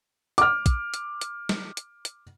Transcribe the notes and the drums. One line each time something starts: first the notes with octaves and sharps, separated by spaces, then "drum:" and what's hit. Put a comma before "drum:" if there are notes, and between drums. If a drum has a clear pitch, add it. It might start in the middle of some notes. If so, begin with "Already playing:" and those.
D6 F6, drum: hi-hat
drum: kick, hi-hat
drum: hi-hat
drum: hi-hat
drum: snare
drum: hi-hat
drum: hi-hat